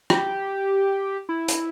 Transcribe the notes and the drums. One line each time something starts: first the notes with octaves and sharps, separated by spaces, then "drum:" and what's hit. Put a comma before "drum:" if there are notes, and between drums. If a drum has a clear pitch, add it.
G4, drum: rim click
E4
drum: hi-hat